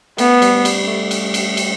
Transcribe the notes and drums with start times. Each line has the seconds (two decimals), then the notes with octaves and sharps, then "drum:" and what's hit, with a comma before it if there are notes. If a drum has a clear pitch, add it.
0.18 A3 B3, drum: cymbal
0.42 G3, drum: cymbal
0.65 G3, drum: cymbal
0.88 A3
1.11 drum: cymbal
1.34 drum: cymbal
1.57 drum: cymbal